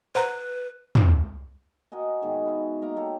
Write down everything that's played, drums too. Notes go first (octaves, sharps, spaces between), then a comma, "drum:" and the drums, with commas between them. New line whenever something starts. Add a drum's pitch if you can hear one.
B4 C5 F#5 A#5
drum: tom
F#4 A#4 D#5 G#5
G#2 B2 D#3 G#4
B4 E5 G#5
A#3 D#4 A#4 A#5
G4 A4 C#5 F5